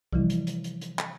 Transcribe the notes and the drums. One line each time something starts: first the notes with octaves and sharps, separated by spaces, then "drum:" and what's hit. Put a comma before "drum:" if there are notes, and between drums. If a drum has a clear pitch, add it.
C3 E3 F3 G3 E4, drum: kick
drum: hi-hat
drum: hi-hat
drum: hi-hat
drum: hi-hat
drum: clap